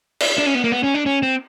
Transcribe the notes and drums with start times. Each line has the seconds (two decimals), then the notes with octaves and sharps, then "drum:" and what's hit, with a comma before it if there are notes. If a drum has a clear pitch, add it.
0.20 drum: cymbal
0.38 D4
0.46 C#4
0.55 B3
0.64 A#3
0.72 B3
0.84 C#4
0.94 D4
1.06 C#4
1.23 C4